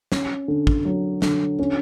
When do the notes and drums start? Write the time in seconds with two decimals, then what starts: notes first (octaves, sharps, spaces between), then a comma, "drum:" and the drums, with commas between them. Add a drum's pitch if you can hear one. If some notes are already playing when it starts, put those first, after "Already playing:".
0.12 C#4, drum: snare
0.48 D3
0.67 drum: kick
0.85 F#3
1.22 D3, drum: snare
1.59 C#4